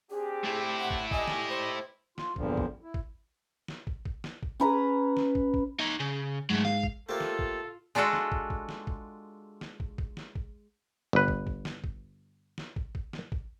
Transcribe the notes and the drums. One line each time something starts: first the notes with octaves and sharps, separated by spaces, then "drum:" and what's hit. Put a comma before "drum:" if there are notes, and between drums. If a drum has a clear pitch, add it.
C4 D4 G4 G#4
A3 E4
F#5
drum: kick
G4 D5 D#5 G#5, drum: kick
drum: snare
C5
F4, drum: snare
E2 G2 A#2 D3 F3, drum: kick
drum: kick
E4
drum: kick
drum: snare
drum: kick
drum: kick
drum: snare
drum: kick
C#4 B4 A#5
drum: snare
drum: kick
drum: kick
D#4 C#5
C#3
G#2 F#3 A3
F5, drum: snare
drum: kick
A3 A#3 F4 G4 A4 C5
drum: snare
drum: kick
G#3 D4 F4 F#4 A4
drum: snare
drum: kick
drum: kick
drum: snare
drum: kick
drum: snare
drum: kick
drum: kick
drum: snare
drum: kick
G1 B4
drum: kick
drum: kick
drum: snare
drum: kick
drum: snare
drum: kick
drum: kick
drum: snare
drum: kick